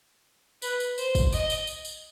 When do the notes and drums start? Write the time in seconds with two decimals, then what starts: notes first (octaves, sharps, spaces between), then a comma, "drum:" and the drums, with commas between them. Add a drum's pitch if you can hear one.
0.62 B4, drum: tambourine
0.80 drum: tambourine
0.98 C5, drum: tambourine
1.15 drum: kick, tambourine
1.32 D#5, drum: tambourine
1.50 drum: tambourine
1.67 drum: tambourine
1.85 drum: tambourine